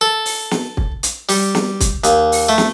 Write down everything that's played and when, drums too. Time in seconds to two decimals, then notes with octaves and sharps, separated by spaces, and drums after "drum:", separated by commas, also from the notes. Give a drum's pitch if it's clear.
0.01 A4
0.26 drum: open hi-hat
0.51 drum: snare
0.77 drum: kick
1.03 drum: hi-hat
1.29 G3, drum: open hi-hat
1.55 drum: snare
1.80 drum: kick, hi-hat
2.04 D#2, drum: hi-hat
2.32 drum: open hi-hat
2.49 A3
2.58 drum: snare